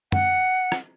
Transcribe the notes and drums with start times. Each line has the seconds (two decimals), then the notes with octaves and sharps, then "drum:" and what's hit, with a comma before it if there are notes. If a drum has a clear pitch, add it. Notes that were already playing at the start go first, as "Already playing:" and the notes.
0.12 F#5, drum: tom
0.72 drum: rim click